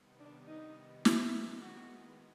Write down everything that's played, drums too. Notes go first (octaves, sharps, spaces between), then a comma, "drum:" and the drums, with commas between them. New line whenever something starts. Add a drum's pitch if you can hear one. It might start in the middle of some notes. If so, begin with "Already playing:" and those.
Already playing: C3 D#3 G3 B3
D4
D#4
D#3 G#3 B3 E4, drum: snare
F#4